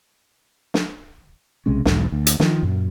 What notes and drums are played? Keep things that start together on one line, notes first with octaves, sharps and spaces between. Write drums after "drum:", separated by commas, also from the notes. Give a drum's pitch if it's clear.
drum: snare
B1 C3 G#3 C#4
B1 E2 G#2, drum: snare
D2
drum: hi-hat
D#3 F3, drum: snare
F#2 A#2